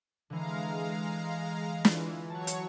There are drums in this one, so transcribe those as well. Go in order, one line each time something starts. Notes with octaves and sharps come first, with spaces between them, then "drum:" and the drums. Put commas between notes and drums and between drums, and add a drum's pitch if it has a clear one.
D3 E3 G#3 F5 A#5
E3 F4, drum: snare
F#3 C#5 F#5 A5 C#6
drum: hi-hat